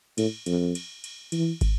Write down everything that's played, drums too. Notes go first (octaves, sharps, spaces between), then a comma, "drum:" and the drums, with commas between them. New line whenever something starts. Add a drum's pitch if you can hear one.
A2, drum: cymbal
F2, drum: cymbal
drum: cymbal
drum: cymbal
E3, drum: cymbal
drum: kick, cymbal